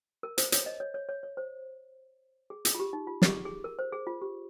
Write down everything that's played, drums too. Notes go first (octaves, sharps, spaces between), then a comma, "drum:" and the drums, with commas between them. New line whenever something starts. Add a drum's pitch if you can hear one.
A#4
C5, drum: hi-hat
C#5, drum: hi-hat
D#5
C#5
C#5
C#5
C#5
C5
G#4
G#4, drum: hi-hat
F4
G4
D#4
F4
G#4, drum: snare
G4
G#4
A#4
C5
G#4
F4
G4